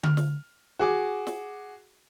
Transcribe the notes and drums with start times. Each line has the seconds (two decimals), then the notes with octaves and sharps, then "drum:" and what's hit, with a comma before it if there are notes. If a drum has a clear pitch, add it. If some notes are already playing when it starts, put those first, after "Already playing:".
0.03 F6, drum: tom D3
0.17 drum: snare
0.79 F#4 G#4 D6
1.27 drum: snare